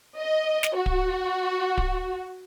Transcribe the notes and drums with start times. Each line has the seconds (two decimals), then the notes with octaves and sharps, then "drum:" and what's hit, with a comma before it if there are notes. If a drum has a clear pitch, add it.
0.17 D#5
0.63 drum: snare
0.76 F#4
0.86 drum: kick D1
1.77 drum: kick D1